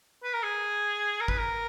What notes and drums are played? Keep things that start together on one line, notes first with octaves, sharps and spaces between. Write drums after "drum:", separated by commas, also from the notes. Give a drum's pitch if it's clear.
B4
A#4
G#4
A#4
B4, drum: kick G#1
A#4